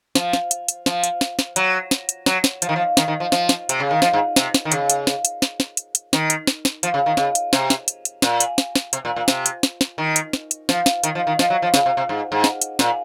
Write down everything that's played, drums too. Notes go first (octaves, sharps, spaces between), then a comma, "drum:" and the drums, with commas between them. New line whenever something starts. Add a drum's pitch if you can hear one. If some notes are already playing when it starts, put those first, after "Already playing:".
F3, drum: snare
drum: snare
drum: hi-hat
drum: hi-hat
F3, drum: snare
drum: hi-hat
drum: snare
drum: snare
F#3, drum: hi-hat
drum: snare
drum: hi-hat
F#3, drum: snare
drum: snare
F3, drum: hi-hat
D#3
F3
D#3, drum: snare
D#3
F3
F3, drum: snare
drum: snare
C3, drum: hi-hat
C#3
D#3
F3, drum: snare
G#2
C3, drum: snare
drum: snare
D#3
C#3, drum: hi-hat
drum: hi-hat
drum: snare
drum: hi-hat
drum: snare
drum: snare
drum: hi-hat
drum: hi-hat
D#3, drum: snare
drum: hi-hat
drum: snare
drum: snare
F3, drum: hi-hat
C#3
D#3
C#3, drum: snare
drum: hi-hat
C3, drum: snare
drum: snare
drum: hi-hat
drum: hi-hat
A#2, drum: snare
drum: hi-hat
drum: snare
drum: snare
C3, drum: hi-hat
A#2
A#2
C3, drum: snare
drum: hi-hat
drum: snare
drum: snare
D#3
drum: hi-hat
drum: snare
drum: hi-hat
F3, drum: snare
drum: snare
D#3, drum: hi-hat
F3
D#3
F3, drum: snare
F#3
F3
C#3, drum: snare
C3
C3
G#2
G#2
drum: snare
drum: hi-hat
A#2, drum: snare